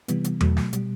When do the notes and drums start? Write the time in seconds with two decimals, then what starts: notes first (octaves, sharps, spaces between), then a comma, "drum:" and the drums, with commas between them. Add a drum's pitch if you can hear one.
0.08 C3 E3 G3 B3, drum: hi-hat
0.24 drum: hi-hat
0.41 B2 F#3 A3, drum: tom E2
0.57 drum: snare
0.73 B2 G3, drum: hi-hat